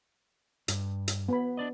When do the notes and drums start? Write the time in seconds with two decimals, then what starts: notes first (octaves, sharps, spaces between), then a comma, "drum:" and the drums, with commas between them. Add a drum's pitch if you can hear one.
0.68 G2, drum: hi-hat
1.08 drum: hi-hat
1.29 B3 B5
1.57 D4 D5 D#5